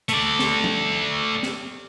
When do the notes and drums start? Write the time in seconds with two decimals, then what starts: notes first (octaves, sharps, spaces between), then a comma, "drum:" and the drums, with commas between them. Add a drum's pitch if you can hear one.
0.09 A3 D5, drum: hi-hat
0.39 drum: snare
0.64 drum: tom F3
1.43 drum: snare